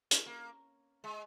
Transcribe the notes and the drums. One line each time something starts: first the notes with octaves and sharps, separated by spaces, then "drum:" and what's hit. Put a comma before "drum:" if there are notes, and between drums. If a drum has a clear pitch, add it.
C#4, drum: hi-hat
A#3
G#3